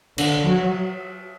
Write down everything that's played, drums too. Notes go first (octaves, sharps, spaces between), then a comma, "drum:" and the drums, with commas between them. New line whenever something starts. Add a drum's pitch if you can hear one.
D3, drum: cymbal
F#3